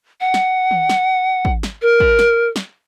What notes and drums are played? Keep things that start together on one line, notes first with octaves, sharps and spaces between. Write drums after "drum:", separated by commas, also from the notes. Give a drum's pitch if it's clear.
F#5
drum: snare
drum: tom D#3
drum: snare
drum: kick
drum: snare
A#4
drum: kick
drum: snare
drum: snare